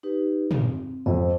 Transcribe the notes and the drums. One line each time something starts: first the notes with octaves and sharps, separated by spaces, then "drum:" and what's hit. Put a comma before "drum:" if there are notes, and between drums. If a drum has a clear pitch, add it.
D#4 G4 B4
C4, drum: tom
F2 C5 D#5